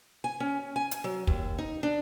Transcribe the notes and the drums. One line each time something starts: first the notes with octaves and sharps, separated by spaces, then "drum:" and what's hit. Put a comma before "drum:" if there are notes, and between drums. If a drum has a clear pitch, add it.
G#5
C#4
G#5
drum: hi-hat
F#3
D#2, drum: kick
D#4
D4